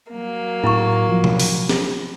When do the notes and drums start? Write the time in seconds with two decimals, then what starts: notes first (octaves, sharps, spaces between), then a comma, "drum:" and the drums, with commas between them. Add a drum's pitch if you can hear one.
0.11 F#3 A#3
0.64 A2 E4 A#5 C#6
1.09 F3
1.24 drum: tom B2
1.40 drum: open hi-hat
1.69 drum: snare